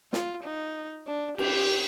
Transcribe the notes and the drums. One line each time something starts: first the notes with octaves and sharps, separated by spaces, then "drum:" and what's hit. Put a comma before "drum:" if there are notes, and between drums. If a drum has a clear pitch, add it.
F4, drum: snare
D#4
D4
G4, drum: cymbal